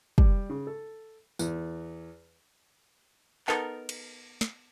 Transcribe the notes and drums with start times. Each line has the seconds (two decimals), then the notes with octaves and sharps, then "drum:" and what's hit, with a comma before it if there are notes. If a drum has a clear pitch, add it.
0.18 G3, drum: kick
0.50 C#3
0.67 A4
1.39 E2, drum: tambourine
3.48 B3 D#4 A4 A#4, drum: clap
3.89 drum: cymbal
4.41 drum: snare